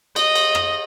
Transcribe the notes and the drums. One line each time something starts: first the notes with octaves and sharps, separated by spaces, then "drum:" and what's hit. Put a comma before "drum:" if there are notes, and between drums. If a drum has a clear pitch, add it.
D#5, drum: cymbal
drum: cymbal
drum: rim click